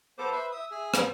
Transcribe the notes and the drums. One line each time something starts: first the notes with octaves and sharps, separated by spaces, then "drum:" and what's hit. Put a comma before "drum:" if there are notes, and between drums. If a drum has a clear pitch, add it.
F3 B3 A4 C5 D6
B4 C5 E5
E5 D#6
G#4 G#5
G3 B3 C5, drum: rim click